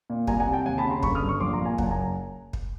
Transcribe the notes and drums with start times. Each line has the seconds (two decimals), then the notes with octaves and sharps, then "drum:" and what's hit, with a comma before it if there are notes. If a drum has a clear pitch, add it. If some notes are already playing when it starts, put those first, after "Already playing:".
0.10 A#2
0.27 C2 G#5 A#5, drum: kick
0.40 F#5 G#5
0.47 C3
0.52 G5 A5
0.66 D#2 F#5 G#5
0.78 A5 B5
0.85 C#3
0.90 A#5 C6
1.03 G1 B5 C#6, drum: kick
1.15 D#6 F6
1.22 G2
1.28 C#6 D#6
1.40 A#1 C6 D6
1.53 A#5 C6
1.59 A#2
1.65 G#5 A#5
1.78 F#1 F#5 G#5, drum: kick
1.85 A5
1.91 G#5 A#5
2.53 drum: kick